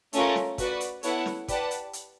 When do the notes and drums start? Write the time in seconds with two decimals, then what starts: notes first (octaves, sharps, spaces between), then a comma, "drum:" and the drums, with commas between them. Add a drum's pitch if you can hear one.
0.13 A3 C#4 F4 A#4, drum: hi-hat
0.35 drum: snare
0.58 F#4 B4 D5, drum: kick, hi-hat
0.80 drum: hi-hat
1.03 B3 E4 A4 C#5 F#5, drum: hi-hat
1.26 drum: snare
1.48 G4 B4 D5 F#5 A5, drum: kick, hi-hat
1.71 drum: hi-hat
1.93 drum: hi-hat